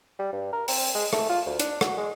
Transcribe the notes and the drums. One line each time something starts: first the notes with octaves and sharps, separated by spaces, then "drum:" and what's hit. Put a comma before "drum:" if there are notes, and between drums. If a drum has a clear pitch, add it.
G3
G2
A#4
C4, drum: open hi-hat
G#3
A3, drum: rim click
F4
D2
D4, drum: hi-hat
F#4, drum: rim click
G#3